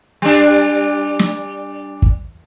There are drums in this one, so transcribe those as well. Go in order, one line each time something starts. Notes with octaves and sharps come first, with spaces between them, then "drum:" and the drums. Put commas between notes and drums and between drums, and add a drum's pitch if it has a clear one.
G3 D4
drum: snare
drum: kick